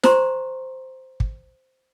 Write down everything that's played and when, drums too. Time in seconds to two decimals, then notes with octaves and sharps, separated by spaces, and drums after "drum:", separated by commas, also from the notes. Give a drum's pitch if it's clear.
0.03 C5 A#5 C6 C#6, drum: snare
1.20 drum: kick